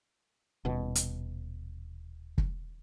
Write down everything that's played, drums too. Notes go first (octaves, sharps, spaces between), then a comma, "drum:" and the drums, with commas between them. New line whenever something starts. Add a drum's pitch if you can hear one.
D#1 B2
drum: hi-hat
drum: kick